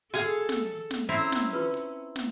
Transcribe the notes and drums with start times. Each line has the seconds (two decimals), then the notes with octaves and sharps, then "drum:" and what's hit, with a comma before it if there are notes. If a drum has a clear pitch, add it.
0.14 F#4 G#4 A4 F5 G#5
0.49 drum: snare
0.91 drum: snare
1.09 C4 C#4 E4 A#5
1.32 drum: snare
1.53 F4 B4
1.74 drum: hi-hat
2.16 drum: snare